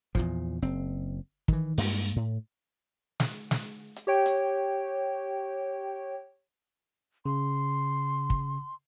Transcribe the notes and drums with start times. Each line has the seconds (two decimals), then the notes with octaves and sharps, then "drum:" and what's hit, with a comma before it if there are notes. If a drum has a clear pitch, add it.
0.15 E2 A#2 F3, drum: kick
0.62 F#1 C4
1.48 D#3 E3, drum: kick
1.78 G2 G#3 A#3, drum: open hi-hat
2.16 A2
3.20 drum: snare
3.51 drum: snare
3.96 drum: hi-hat
4.07 G4 C#5 G5
4.26 drum: hi-hat
7.26 C#3 C6
8.30 drum: kick